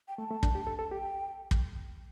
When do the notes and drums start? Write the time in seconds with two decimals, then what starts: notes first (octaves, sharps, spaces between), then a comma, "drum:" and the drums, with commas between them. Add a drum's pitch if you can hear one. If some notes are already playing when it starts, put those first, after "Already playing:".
0.08 G5
0.18 A3 A5
0.31 A3
0.43 D4, drum: kick
0.55 G4
0.67 A4
0.79 A4
0.91 G4 G5
1.51 drum: kick